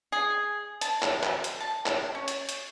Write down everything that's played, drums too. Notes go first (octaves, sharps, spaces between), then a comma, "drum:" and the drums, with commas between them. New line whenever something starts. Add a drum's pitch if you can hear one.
G#4
A5, drum: hi-hat
drum: clap
drum: clap
drum: hi-hat
A5
drum: clap
C#4
drum: hi-hat
drum: hi-hat